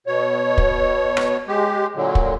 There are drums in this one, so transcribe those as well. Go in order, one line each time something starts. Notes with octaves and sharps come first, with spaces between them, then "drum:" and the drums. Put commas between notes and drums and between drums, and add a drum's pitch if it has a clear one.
B2 C#5
drum: kick
drum: rim click
G#3 G4
A#2 D3 F#3
drum: kick